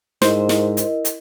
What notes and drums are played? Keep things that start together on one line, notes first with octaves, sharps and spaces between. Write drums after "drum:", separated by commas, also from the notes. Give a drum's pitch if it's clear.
G#2 E4 A#4 C5 D#5, drum: snare
drum: snare
drum: hi-hat
drum: hi-hat